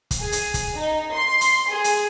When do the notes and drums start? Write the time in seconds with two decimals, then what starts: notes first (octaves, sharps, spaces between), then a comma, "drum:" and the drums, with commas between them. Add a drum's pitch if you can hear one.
0.11 drum: kick, hi-hat
0.20 G#4
0.32 drum: hi-hat
0.54 drum: kick, hi-hat
0.76 D#4
1.13 C6
1.41 drum: hi-hat
1.70 G#4
1.84 drum: hi-hat